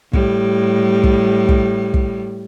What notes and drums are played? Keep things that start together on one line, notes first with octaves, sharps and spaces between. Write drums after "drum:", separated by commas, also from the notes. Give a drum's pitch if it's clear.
A2 G3, drum: kick
drum: kick
drum: kick
drum: kick